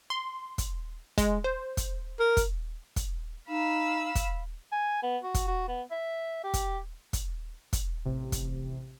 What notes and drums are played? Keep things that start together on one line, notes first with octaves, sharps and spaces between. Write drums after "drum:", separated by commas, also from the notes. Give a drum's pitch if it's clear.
C6
drum: kick, hi-hat
G#3, drum: kick, hi-hat
C5
drum: kick, hi-hat
A#4
drum: kick, hi-hat
drum: kick, hi-hat
D#4 F5 B5 E6
drum: kick, hi-hat
G#5
B3
F#4
drum: kick, hi-hat
F#4
B3
E5
G4
drum: kick, hi-hat
drum: kick, hi-hat
drum: kick, hi-hat
A1 C3
drum: kick, hi-hat